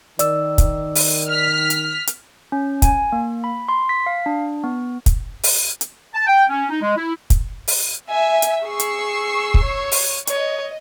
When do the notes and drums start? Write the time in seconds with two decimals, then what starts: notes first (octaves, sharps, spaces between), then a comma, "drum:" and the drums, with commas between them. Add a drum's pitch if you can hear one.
0.19 D#3 D5 E6, drum: hi-hat
0.58 drum: kick, hi-hat
0.95 drum: open hi-hat
1.28 F6 B6
1.70 drum: hi-hat
2.07 drum: hi-hat
2.52 C#4
2.82 G#5, drum: kick, hi-hat
3.12 A#3
3.44 B5
3.69 C6
3.89 B6
4.06 F5
4.26 D4
4.64 B3
5.06 drum: kick, hi-hat
5.43 drum: open hi-hat
5.81 drum: hi-hat
6.14 A5
6.27 G5
6.50 C#4
6.70 D#4
6.81 G#3
6.96 E4
7.30 drum: kick, hi-hat
7.68 drum: open hi-hat
8.10 E5 G#5
8.42 drum: hi-hat
8.65 G#4 C#6 E6 C7
8.80 drum: hi-hat
9.54 drum: kick
9.64 C#5
9.92 drum: open hi-hat
10.27 C#5 D#5, drum: hi-hat